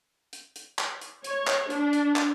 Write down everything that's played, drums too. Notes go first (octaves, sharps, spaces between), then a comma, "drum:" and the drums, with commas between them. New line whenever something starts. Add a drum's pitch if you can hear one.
drum: hi-hat
drum: hi-hat
drum: clap
drum: hi-hat
C#5, drum: hi-hat
drum: clap
D4, drum: hi-hat
drum: hi-hat
drum: clap